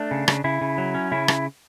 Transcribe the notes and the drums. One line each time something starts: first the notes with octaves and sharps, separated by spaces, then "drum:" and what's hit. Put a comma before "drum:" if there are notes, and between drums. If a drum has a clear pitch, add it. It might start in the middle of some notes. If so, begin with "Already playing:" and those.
Already playing: A3 D4
C#3
C#3, drum: rim click
C#3 E4
C#3
F#3
C#4
C#3 E4
drum: rim click